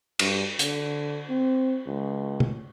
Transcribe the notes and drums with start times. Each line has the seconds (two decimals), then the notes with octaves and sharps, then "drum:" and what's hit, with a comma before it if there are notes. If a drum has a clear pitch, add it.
0.19 G2, drum: cymbal
0.59 D3, drum: hi-hat
1.29 C4
1.86 C#2
2.40 drum: tom